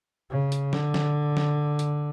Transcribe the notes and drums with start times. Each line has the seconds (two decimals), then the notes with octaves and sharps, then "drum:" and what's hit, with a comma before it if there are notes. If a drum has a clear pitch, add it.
0.30 C#3
0.52 drum: hi-hat
0.73 D3, drum: snare
0.94 drum: snare
1.37 drum: snare
1.79 drum: hi-hat